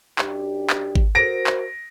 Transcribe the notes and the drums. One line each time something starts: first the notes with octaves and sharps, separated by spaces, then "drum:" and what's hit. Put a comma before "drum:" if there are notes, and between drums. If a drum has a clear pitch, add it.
F#2 D4 G4, drum: clap
drum: clap
drum: kick G#1
F#4 A#4 C5 A#6 D7
drum: clap